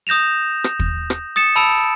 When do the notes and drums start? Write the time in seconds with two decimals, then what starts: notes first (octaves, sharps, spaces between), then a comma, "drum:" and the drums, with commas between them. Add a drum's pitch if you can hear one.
0.07 D#6 G6 A#6 E7 F7
0.64 drum: rim click
0.79 drum: kick
1.10 drum: rim click
1.36 D#6 A6 C#7 E7
1.56 A5 B5 E6 C#7 D7 E7